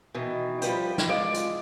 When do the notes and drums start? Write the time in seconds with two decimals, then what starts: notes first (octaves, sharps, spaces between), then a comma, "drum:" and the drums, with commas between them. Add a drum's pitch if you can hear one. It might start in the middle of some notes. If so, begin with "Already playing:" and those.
0.14 B2 D#3 E3
0.62 F3 G3 B4 G5, drum: hi-hat
0.98 drum: snare
1.07 G#3 F4 D5
1.34 drum: hi-hat